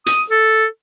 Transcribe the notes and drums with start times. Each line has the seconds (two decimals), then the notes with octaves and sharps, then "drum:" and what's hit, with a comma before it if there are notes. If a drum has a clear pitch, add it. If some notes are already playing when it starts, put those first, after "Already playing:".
0.06 D#6, drum: hi-hat
0.30 A4